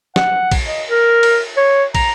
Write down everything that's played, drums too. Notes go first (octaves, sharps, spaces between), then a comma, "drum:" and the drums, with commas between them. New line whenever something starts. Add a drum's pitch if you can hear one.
F#5, drum: snare
drum: kick, cymbal
D#5
A#4
drum: cymbal
C#5
A#5, drum: kick, cymbal